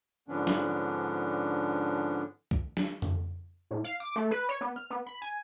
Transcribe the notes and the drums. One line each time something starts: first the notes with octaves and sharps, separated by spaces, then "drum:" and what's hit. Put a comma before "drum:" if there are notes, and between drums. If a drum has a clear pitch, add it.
G#2 D3 F3 B3 C#4 D4
drum: snare
drum: kick C2
drum: snare
drum: tom F2
A2
F5
D6
A3
B4
C#5
B3
F6
B3
B5
G#5